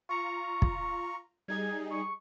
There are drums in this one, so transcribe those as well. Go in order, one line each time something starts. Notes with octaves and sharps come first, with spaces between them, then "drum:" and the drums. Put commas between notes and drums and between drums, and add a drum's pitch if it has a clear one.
F4 A#5 C#6
drum: kick
G3 D#4 G#4 G#6
C#6